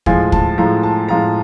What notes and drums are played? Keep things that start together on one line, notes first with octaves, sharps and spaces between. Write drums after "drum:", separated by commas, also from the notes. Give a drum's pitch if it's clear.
A2 F3 G#3 G#5, drum: kick
A5, drum: kick
A2 F3 G#3 A#5
A5
A2 F3 G#3 A#5